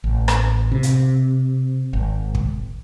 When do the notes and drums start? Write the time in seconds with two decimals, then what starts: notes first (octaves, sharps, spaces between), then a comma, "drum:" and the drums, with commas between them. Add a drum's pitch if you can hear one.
0.04 A1
0.28 drum: rim click
0.72 C3
0.83 drum: hi-hat
1.93 G#1
2.35 drum: kick